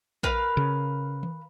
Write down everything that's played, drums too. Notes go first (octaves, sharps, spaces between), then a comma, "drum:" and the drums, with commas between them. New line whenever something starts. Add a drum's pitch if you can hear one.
A#4 B4 F5, drum: kick A#1
C#3
drum: tom D#3